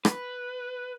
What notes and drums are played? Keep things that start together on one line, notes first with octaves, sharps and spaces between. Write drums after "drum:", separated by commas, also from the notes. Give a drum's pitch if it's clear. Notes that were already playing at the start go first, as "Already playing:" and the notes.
B4, drum: rim click